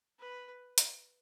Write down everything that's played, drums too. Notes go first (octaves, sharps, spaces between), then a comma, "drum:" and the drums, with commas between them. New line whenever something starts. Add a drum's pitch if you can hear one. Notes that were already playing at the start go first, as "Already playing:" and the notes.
B4
drum: hi-hat